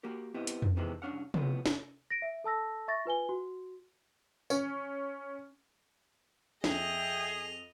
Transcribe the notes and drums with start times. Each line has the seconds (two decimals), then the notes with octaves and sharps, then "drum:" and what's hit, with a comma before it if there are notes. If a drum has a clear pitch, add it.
0.03 A#3 F#4 G4 A#4
0.34 B3 C4 E4 G4 D#5
0.47 drum: hi-hat
0.62 drum: tom F2
0.77 C3 D#3 E3 G#3 B3 C4
1.02 C2 F#3 C#4 D4 F5 F#5
1.34 A2 C#3 F3 B3 C4, drum: tom
1.66 drum: snare
2.10 A#6 D7
2.22 E5
2.44 A4 A5 E6 A#6
2.88 E5 C#6 A6 A#6
3.05 F4 B4 G#5 G7
3.29 F#4
4.50 C#4, drum: tambourine
6.64 F2 G#4 D#5 E5 G5 F7, drum: snare